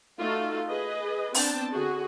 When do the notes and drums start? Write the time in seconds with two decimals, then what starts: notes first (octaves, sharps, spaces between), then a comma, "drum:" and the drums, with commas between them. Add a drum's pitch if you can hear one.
0.19 A3 D#4 F4 F#4 A4 F5
0.69 G#4 B4 D#5
1.34 B3 C4 D4 G5 A5, drum: open hi-hat
1.71 D3 F#4 G#4